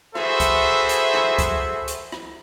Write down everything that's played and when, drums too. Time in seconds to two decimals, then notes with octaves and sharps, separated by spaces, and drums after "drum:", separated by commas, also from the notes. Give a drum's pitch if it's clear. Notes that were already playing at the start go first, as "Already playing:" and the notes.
0.15 F#4 G#4 A4 B4 C5 E5, drum: rim click
0.40 drum: kick C#2, hi-hat
0.89 drum: hi-hat
1.14 drum: rim click
1.39 drum: kick C#2, hi-hat
1.88 drum: hi-hat
2.12 drum: rim click